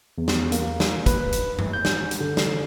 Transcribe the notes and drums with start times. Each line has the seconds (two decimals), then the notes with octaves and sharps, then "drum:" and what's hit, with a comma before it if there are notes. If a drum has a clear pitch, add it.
0.18 E2
0.28 drum: snare
0.52 A#3, drum: hi-hat
0.80 drum: snare
1.06 B4, drum: kick, hi-hat
1.32 drum: hi-hat
1.59 drum: tom G2
1.73 G6
1.85 drum: snare
2.11 drum: hi-hat
2.20 D3
2.37 drum: snare